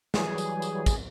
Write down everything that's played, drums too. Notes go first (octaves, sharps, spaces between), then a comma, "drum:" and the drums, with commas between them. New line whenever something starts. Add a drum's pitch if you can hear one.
E3 F#3 G3 G#4, drum: snare
drum: tambourine
drum: tambourine
drum: kick, tambourine